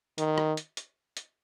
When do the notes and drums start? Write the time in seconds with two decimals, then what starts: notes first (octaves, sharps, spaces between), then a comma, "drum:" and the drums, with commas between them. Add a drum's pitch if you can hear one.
0.18 D#3, drum: hi-hat
0.38 drum: rim click
0.57 drum: hi-hat
0.77 drum: hi-hat
1.17 drum: hi-hat